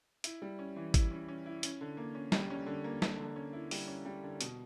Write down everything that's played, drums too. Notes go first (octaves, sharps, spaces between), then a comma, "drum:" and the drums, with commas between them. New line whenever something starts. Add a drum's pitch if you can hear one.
E4, drum: hi-hat
G3
C#4
E3
E4, drum: kick G#1, hi-hat
C#4
C#4
E4
C#4, drum: hi-hat
D3
A#3
C#4
G3, drum: snare
C#4
D3
A#3
D3, drum: snare
D3
C#4
E4
G3, drum: open hi-hat
C#4
G3
D3
B2, drum: hi-hat